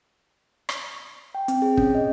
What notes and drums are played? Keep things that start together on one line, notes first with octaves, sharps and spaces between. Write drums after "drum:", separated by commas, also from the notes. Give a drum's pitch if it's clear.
drum: rim click
G5
C4, drum: hi-hat
G#4
C#4, drum: kick
D#5